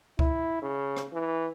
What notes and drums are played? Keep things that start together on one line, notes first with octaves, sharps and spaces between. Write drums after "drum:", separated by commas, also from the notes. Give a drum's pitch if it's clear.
E4, drum: kick C#2
C#3
drum: rim click
E3